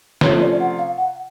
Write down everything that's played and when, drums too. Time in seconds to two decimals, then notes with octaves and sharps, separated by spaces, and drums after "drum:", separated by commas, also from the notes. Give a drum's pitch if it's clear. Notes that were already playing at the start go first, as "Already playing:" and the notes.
0.21 C3 F3 A3 C#4 F4 C#5, drum: snare
0.41 D5
0.60 F#5
0.78 F5
0.97 F#5